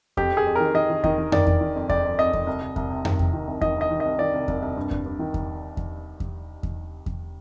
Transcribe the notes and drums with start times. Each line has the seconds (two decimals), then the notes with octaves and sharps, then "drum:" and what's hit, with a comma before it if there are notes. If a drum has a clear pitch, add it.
0.17 F2 G4, drum: kick E2
0.32 F2 G#4
0.47 F2
0.55 D#3 A#4
0.75 D#3 D#5
0.90 D#3
1.04 D#3 D#5, drum: kick E2
1.18 D#3
1.32 D#3 D5, drum: tom F2
1.47 D#3, drum: kick E2
1.61 D#3
1.76 F2
1.89 F2 D5, drum: kick E2
2.04 F2
2.19 F2 D#5
2.33 F2, drum: kick E2
2.47 C2
2.61 C2
2.76 C2, drum: kick E2
2.90 C3
3.05 D#3, drum: tom F2
3.19 C3, drum: kick E2
3.33 D#3
3.48 C2
3.61 D#3 D#5, drum: kick E2
3.76 C2 D#5
3.91 D#3
4.00 C2 D#5
4.19 D#3 D5
4.34 C2
4.48 C2, drum: kick E2
4.62 C2
4.77 G2
4.91 G2, drum: kick E2
5.06 G2
5.19 D#3
5.34 drum: kick E2
5.77 drum: kick E2
6.20 drum: kick E2
6.63 drum: kick E2
7.06 drum: kick E2